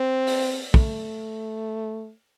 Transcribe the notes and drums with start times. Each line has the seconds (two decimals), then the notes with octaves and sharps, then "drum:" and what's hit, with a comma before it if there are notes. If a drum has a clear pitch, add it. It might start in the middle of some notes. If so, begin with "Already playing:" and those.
Already playing: C4
0.27 drum: open hi-hat
0.74 A3, drum: kick